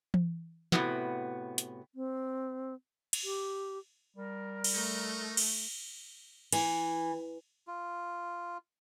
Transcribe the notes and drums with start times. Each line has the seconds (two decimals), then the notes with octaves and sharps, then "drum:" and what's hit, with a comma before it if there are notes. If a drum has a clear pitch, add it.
0.14 drum: tom E3
0.72 A2 C3 F3 B3 F#4, drum: snare
1.58 drum: hi-hat
1.95 C4
3.13 drum: cymbal
3.24 G4
4.16 G3 A#4
4.64 drum: cymbal
4.74 A3 D#4
5.37 drum: cymbal
6.52 E3, drum: cymbal
7.68 F4